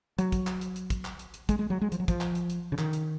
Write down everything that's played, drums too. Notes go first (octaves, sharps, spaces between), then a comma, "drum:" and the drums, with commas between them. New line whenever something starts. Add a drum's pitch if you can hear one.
F#3, drum: hi-hat
drum: kick, hi-hat
drum: clap
drum: hi-hat
drum: hi-hat
drum: kick, hi-hat
drum: clap
drum: hi-hat
drum: hi-hat
G#3, drum: kick, hi-hat
G#3
F#3
G#3
F3, drum: hi-hat
F#3
F3, drum: kick, hi-hat
drum: clap
drum: hi-hat
drum: hi-hat
C#3
D#3, drum: clap
drum: hi-hat